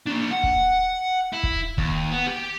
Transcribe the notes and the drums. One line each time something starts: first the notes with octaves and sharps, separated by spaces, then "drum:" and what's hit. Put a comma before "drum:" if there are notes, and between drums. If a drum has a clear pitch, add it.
A#3 D4
F#5
drum: kick
E4
drum: kick
D#2, drum: kick
B3
G4